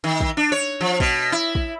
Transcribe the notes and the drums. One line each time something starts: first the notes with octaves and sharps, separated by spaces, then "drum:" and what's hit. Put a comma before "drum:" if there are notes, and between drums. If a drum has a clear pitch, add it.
D#3
drum: kick
D4
C#5
F3
B2, drum: kick
E4
drum: kick